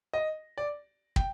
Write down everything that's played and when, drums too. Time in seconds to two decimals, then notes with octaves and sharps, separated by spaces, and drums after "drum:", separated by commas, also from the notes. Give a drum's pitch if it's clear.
0.13 D#5
0.58 D5
1.16 G5, drum: kick